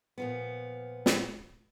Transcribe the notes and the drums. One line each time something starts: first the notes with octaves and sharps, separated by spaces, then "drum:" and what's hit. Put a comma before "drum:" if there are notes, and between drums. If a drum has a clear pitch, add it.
A#2 F3 B3
drum: snare